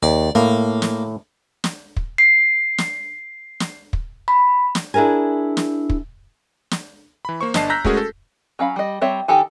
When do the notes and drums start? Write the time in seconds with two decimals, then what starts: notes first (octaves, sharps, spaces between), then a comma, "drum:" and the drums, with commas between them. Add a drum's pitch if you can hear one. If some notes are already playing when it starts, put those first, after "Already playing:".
0.03 D#2 D5
0.35 A2 A#3
0.82 drum: snare
1.64 drum: snare
1.97 drum: kick
2.18 C7
2.78 drum: snare
3.60 drum: snare
3.93 drum: kick
4.28 B5
4.75 drum: snare
4.94 D4 E4 G#4 A#4 G#5
5.57 drum: snare
5.90 drum: kick
6.71 drum: snare
7.25 E3 B5
7.41 A#3 C5 C#6
7.54 G1 D4 D#5 A5 C7, drum: snare
7.70 A#5 E6 F#6 G6 A#6 B6
7.85 G#3 A3 C#4 F#4 G#4 A#4, drum: kick
7.97 A4
8.59 F#3 C#4 F5 B5
8.76 G3 D#5
9.01 G3 C4 C#5 E5
9.28 D#3 D#4 G4 A4 G#5